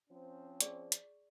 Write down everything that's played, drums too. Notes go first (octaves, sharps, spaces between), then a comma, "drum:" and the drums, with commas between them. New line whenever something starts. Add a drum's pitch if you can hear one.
F3 C4 C#4
G#4 D5 C#6, drum: hi-hat
drum: hi-hat